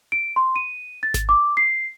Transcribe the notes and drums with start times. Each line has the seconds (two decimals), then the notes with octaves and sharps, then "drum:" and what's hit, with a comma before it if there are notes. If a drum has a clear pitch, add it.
0.12 D7
0.36 C6
0.56 D#7
1.03 A6
1.14 drum: snare G#1
1.29 D6
1.57 C7